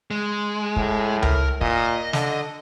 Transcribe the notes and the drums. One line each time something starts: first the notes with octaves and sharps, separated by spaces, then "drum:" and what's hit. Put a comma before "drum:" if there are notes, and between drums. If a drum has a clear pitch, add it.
G#3
A2, drum: kick
A#4, drum: tom C#2
A#2 D#5, drum: kick
D3, drum: snare